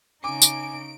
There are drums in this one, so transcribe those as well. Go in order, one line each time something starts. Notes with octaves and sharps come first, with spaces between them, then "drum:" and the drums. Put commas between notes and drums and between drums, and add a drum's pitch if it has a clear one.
C#3 D#4 G#5 D6 D7
drum: tambourine